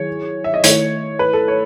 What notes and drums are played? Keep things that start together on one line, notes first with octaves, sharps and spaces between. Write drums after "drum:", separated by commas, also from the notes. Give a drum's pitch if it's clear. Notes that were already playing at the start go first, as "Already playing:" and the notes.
Already playing: D#3 F#3 E4 G#4 C#5
E5
D#5
D#3 A3 E4 C#5, drum: hi-hat
B4
A4
C#5